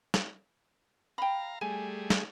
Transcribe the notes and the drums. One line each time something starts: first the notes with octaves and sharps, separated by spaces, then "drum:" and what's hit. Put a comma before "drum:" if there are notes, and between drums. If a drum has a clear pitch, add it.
drum: snare
F5 G5 A#5 B5
G3 A3 G#4 G#5
drum: snare